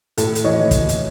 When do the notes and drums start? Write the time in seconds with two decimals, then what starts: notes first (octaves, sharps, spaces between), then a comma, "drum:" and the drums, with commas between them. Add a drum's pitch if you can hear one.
0.18 A2 A4, drum: hi-hat
0.35 drum: hi-hat
0.44 E3 C#5 D#5
0.71 drum: kick, hi-hat
0.89 drum: hi-hat